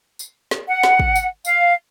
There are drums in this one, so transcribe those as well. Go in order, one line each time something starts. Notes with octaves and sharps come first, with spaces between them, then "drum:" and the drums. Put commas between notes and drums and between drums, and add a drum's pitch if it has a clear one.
drum: tambourine
drum: snare
F#5
drum: snare
drum: kick
drum: tambourine
F5, drum: tambourine